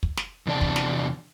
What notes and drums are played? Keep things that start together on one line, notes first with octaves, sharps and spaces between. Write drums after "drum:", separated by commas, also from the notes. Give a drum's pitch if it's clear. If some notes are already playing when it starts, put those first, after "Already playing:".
drum: kick
drum: snare
E2 C3 D4 D5 A5
drum: kick
drum: snare